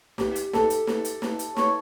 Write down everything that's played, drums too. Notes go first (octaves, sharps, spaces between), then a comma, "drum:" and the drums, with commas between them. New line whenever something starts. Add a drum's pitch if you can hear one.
G4, drum: snare
drum: hi-hat
A4, drum: snare
drum: hi-hat
drum: snare
drum: hi-hat
drum: snare
drum: hi-hat
C#5, drum: snare